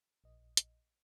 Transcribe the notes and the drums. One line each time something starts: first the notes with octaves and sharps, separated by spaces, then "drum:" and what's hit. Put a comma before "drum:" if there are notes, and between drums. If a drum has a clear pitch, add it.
A#1 D#5
drum: hi-hat